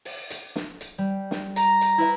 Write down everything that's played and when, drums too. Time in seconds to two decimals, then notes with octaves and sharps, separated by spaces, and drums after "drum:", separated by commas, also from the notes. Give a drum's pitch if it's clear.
0.05 drum: open hi-hat
0.30 drum: hi-hat
0.56 drum: snare
0.81 drum: hi-hat
0.98 G3
1.31 drum: snare
1.56 A#5, drum: hi-hat
1.81 drum: hi-hat
1.98 E4 B4 E5